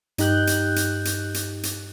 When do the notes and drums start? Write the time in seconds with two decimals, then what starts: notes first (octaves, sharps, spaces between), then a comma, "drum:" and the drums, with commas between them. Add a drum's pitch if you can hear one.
0.18 G2 D#4 G4 F#6 G6, drum: hi-hat
0.47 drum: hi-hat
0.76 drum: hi-hat
1.05 drum: hi-hat
1.34 drum: hi-hat
1.63 drum: hi-hat